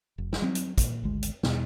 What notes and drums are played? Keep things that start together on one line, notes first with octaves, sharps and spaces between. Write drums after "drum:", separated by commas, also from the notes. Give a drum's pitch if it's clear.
F1
drum: snare
F#3 C4
drum: hi-hat
A#2, drum: kick, hi-hat
G#1 D2 G#3
drum: hi-hat
E2 B2 B3, drum: snare